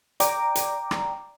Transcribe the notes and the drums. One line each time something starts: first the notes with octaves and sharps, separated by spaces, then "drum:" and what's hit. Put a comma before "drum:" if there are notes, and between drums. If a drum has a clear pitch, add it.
D5 G5 A#5 D6, drum: hi-hat
drum: hi-hat
drum: rim click